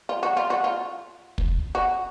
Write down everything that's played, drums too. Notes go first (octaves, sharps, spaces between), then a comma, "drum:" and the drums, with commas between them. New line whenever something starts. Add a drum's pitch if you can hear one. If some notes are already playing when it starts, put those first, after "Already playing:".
F4
F#4
F4
F#4
F4
drum: kick
F#4